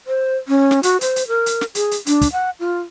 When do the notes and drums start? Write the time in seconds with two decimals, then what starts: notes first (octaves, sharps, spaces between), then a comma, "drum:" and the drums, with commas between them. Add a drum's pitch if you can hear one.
0.07 C5
0.48 C#4
0.71 drum: snare
0.83 F#4, drum: hi-hat
1.01 C5, drum: hi-hat
1.16 drum: hi-hat
1.28 A#4
1.46 drum: hi-hat
1.61 drum: snare
1.75 G#4, drum: hi-hat
1.91 drum: hi-hat
2.06 D4, drum: hi-hat
2.21 drum: kick, hi-hat
2.32 F#5
2.60 F4